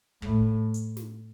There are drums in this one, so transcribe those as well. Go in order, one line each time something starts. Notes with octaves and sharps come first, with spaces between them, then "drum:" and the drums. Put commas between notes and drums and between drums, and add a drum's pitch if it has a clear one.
A2, drum: kick
drum: hi-hat
drum: snare